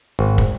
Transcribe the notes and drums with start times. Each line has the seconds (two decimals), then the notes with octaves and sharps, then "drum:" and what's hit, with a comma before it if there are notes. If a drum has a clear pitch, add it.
0.19 G#1
0.38 drum: kick